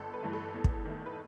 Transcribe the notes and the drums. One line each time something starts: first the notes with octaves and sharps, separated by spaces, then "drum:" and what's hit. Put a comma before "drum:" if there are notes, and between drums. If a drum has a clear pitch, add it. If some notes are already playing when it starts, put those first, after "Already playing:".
Already playing: G1 A4
B4
G2 E3 A3
A4
E2
drum: kick
D#3 A3
B4